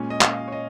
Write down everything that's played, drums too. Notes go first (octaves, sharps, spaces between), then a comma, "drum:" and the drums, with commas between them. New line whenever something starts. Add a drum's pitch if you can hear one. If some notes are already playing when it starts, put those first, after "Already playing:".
Already playing: A#2 G#3 C#4
D#5
F5, drum: clap
C#5
D#5